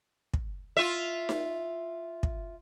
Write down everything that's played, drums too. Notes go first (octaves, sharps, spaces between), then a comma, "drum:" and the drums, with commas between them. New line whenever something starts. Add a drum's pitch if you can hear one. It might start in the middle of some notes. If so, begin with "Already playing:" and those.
drum: kick
F4 E5
drum: snare D#4
drum: kick